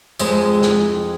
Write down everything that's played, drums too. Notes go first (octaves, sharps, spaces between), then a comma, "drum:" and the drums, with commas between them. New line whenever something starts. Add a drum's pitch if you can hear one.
F2 G#3 C5, drum: tambourine
drum: snare